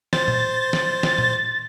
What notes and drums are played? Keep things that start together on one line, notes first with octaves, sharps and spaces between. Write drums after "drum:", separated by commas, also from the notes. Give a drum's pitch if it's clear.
C5 A6, drum: snare
drum: tom A#2
drum: snare
drum: snare
drum: tom A#2